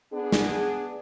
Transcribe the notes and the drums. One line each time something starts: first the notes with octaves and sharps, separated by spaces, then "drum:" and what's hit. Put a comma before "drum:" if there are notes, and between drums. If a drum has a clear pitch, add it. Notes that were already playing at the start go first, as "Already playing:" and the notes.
B3 D4 G#4
drum: snare